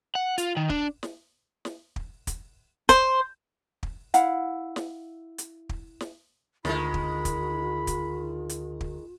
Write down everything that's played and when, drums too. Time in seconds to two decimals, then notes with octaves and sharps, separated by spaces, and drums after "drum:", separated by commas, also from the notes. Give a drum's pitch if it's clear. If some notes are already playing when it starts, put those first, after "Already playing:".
0.15 F#5
0.38 F4, drum: hi-hat
0.57 D#3
0.70 D4, drum: kick
1.03 drum: snare
1.65 drum: snare
1.96 drum: kick
2.27 drum: kick, hi-hat
2.89 C5, drum: kick, hi-hat
3.83 drum: kick
4.14 E4 F5 F#5, drum: hi-hat
4.76 drum: snare
5.38 drum: hi-hat
5.69 drum: kick
6.01 drum: snare
6.65 D2 D3 D#3 G#3 F4 A#4 B5, drum: snare
6.94 drum: kick
7.25 drum: kick, hi-hat
7.87 drum: kick, hi-hat
8.49 drum: hi-hat
8.81 drum: kick